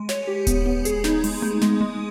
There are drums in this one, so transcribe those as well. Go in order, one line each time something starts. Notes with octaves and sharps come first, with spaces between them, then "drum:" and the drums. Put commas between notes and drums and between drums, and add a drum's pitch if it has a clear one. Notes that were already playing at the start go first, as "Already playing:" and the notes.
Already playing: G#3
C#5, drum: snare
G4
B3, drum: kick D#1, hi-hat
B3
G#4, drum: hi-hat
D#4, drum: snare
G#3, drum: open hi-hat
D#4, drum: tom A3
G#3, drum: snare
G#3